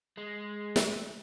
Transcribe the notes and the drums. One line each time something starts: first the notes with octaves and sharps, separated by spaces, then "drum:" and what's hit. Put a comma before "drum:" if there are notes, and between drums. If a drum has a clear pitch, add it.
G#3
drum: snare